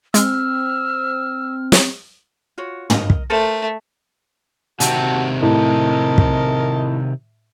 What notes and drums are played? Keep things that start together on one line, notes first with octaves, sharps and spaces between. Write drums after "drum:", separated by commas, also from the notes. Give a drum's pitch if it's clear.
G#3 C4 E6 F6, drum: hi-hat
drum: snare
F4 F#4 C#5
A#4 D#5, drum: tom
drum: kick
A3 A4 A#4 C5
C3 D#3 C4 F#4 A5, drum: hi-hat
A2 A#4 D#5 A5
drum: kick